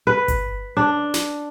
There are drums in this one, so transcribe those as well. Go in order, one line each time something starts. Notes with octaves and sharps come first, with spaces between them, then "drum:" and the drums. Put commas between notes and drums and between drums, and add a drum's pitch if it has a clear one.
B4
drum: kick G1, hi-hat
D4
drum: snare